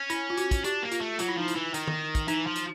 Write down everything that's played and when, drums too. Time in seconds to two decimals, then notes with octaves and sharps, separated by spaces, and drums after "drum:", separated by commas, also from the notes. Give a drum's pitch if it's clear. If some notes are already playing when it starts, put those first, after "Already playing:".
Already playing: C#4
0.10 E4, drum: hi-hat
0.30 F4
0.37 F#4, drum: hi-hat
0.51 drum: kick, hi-hat
0.64 D4 G4, drum: hi-hat
0.83 A#3
0.92 F4, drum: hi-hat
1.01 A3
1.19 F#3 F4, drum: hi-hat
1.28 E4
1.38 F3 D#4
1.48 E4, drum: hi-hat
1.56 E3
1.74 D#3, drum: hi-hat
1.88 drum: tom
2.15 drum: kick, hi-hat
2.28 E3 D#4, drum: hi-hat
2.47 F3
2.56 drum: hi-hat